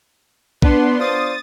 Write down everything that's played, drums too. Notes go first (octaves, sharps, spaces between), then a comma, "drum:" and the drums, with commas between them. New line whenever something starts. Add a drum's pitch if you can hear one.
B3 D4 B4 C6, drum: kick B1
F4 C5 D5 D#6 A6